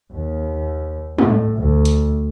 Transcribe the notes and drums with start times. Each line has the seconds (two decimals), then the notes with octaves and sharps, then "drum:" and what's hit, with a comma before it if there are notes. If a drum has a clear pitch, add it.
0.12 D#2
1.18 A2, drum: tom
1.55 D2
1.85 drum: hi-hat